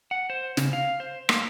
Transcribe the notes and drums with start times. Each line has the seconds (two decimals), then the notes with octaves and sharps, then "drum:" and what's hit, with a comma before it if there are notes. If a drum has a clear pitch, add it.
0.11 F#5
0.30 C5
0.57 C#3, drum: snare
0.73 F5
1.00 C5
1.29 A#3, drum: rim click